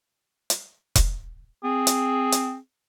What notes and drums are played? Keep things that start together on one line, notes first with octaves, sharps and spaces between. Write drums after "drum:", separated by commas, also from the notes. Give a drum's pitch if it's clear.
drum: hi-hat
drum: kick E1, hi-hat
C4 G#4
drum: hi-hat
drum: hi-hat